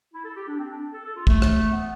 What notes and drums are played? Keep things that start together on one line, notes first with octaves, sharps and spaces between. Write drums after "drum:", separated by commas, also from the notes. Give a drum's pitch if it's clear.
E4
A4
G4
D4
C4
D4
A4
A4
F4
A3, drum: kick
drum: rim click
B3